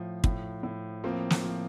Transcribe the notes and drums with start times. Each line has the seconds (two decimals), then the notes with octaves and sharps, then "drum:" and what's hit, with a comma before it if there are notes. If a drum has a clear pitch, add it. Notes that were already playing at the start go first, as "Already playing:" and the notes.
Already playing: A2 F3
0.24 A2, drum: kick
0.63 A2
1.04 F3 A#3 C4
1.30 drum: snare
1.44 F3